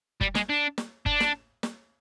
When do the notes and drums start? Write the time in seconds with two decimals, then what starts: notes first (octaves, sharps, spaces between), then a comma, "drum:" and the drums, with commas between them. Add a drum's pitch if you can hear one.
0.21 G3, drum: kick
0.35 G#3, drum: snare
0.49 D4
0.78 drum: snare
1.06 D4, drum: kick
1.20 drum: snare
1.63 drum: snare